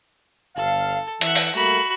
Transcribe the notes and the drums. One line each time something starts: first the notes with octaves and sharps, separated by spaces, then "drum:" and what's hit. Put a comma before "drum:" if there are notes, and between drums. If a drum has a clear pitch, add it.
G1 A4 F5
E3 E5 F#5, drum: hi-hat
drum: open hi-hat
G3 A3 A#3 F#4 B5